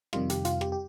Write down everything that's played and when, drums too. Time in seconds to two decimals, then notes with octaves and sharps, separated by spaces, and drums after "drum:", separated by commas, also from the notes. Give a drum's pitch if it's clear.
0.13 F2 C3 D#3 G3 F4, drum: rim click
0.30 G4, drum: hi-hat
0.45 F4, drum: hi-hat
0.61 G4, drum: rim click
0.72 G4